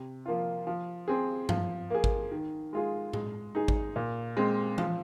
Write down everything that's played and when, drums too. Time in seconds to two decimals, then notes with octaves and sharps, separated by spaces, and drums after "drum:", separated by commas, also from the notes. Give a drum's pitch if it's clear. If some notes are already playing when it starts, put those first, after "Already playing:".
Already playing: C3
0.26 F3 A#3 F4
0.67 F3
1.08 C4 G#4
1.49 F3, drum: tom G2
1.90 A#3 G#4
2.04 drum: kick G#1
2.31 D#3
2.73 G#3 F4 G#4
3.13 G#3, drum: tom A2
3.55 D#4 G#4
3.68 drum: kick G#1
3.96 A#2
4.37 G#3 C4
4.78 F3, drum: tom E3